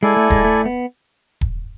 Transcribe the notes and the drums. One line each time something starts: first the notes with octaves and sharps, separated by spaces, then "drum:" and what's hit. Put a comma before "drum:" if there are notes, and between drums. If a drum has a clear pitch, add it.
G#3 E4 A4 D5 G#5
A3
G#3, drum: kick D#1
A3
B3
drum: kick D#1